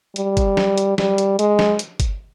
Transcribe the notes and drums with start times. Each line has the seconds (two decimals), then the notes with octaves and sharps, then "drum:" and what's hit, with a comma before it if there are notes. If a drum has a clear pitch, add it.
0.16 G3, drum: hi-hat
0.37 drum: kick G1, hi-hat
0.57 drum: snare
0.78 drum: hi-hat
0.98 G3, drum: snare
1.18 drum: hi-hat
1.39 G#3, drum: hi-hat
1.59 drum: snare
1.79 drum: hi-hat
2.00 drum: kick G1, hi-hat